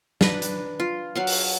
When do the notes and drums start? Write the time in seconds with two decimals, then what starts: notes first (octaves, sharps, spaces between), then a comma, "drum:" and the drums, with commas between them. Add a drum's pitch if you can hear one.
0.21 D4 B4 A#5, drum: snare
0.42 drum: hi-hat
0.80 F4
1.15 F#3 F5 F#5
1.27 drum: open hi-hat